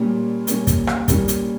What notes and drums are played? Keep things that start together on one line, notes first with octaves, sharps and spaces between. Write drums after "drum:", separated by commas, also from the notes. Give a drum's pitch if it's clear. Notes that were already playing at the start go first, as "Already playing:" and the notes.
Already playing: A#2 G3 A#3 C#4
A#2 G3 A#3 C#4, drum: hi-hat
drum: kick, hi-hat
drum: rim click
A#2 G3 A#3 C#4, drum: kick, hi-hat
drum: hi-hat